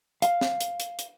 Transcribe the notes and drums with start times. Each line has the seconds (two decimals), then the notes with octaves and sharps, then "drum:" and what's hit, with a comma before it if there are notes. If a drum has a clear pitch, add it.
0.22 F5, drum: hi-hat
0.41 drum: snare
0.61 drum: hi-hat
0.80 drum: hi-hat
0.99 drum: hi-hat